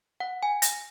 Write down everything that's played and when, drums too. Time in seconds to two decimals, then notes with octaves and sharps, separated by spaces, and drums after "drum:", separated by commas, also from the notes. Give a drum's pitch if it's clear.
0.20 F#5
0.43 G#5
0.62 A#6, drum: hi-hat